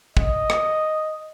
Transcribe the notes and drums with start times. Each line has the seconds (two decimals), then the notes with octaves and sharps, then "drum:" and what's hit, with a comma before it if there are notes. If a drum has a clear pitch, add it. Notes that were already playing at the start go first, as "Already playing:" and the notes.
0.17 D#5, drum: kick
0.50 drum: rim click